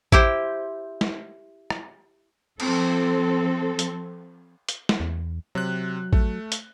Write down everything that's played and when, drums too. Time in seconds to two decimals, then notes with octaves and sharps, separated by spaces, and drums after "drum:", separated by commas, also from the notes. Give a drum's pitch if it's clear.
0.12 E4 G4 C5, drum: kick A1
1.01 drum: snare
1.70 drum: rim click
2.60 F3 C4 A4, drum: cymbal
3.79 drum: hi-hat
4.69 drum: hi-hat
4.89 drum: snare
5.00 E2
5.55 C3 F#3 F#6
6.13 A3, drum: kick A1
6.52 drum: hi-hat